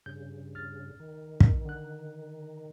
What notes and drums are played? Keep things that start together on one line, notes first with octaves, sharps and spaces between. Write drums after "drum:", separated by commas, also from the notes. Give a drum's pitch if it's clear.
G2 C#3 G6
C#2 F6 A6
D#3
drum: kick
D3 F#6